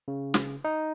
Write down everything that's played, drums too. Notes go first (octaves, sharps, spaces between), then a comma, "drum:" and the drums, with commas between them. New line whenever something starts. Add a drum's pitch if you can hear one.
C#3
drum: snare
D#4